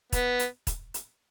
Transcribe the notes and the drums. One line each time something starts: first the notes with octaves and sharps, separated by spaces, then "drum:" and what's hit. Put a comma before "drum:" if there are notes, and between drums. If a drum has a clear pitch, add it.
B3, drum: kick, hi-hat
drum: hi-hat
drum: kick, hi-hat
drum: hi-hat